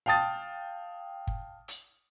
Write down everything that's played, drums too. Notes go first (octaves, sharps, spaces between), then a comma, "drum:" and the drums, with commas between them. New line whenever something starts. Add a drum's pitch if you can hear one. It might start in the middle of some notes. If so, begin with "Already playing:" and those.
F5 G5 A5 D#6 A6
drum: kick
drum: hi-hat